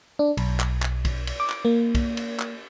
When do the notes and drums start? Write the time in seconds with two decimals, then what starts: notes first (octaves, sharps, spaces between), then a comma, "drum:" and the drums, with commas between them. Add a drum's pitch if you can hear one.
0.19 D4
0.37 B1, drum: cymbal
0.60 drum: clap
0.82 drum: clap
1.05 drum: kick B1, cymbal
1.27 drum: cymbal
1.40 D6
1.50 drum: clap
1.65 A#3
1.95 drum: kick B1, cymbal
2.17 drum: cymbal
2.40 drum: clap